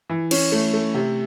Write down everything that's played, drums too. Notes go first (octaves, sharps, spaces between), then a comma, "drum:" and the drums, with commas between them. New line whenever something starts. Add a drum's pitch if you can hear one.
E3
C#4, drum: cymbal
A3
A3
C3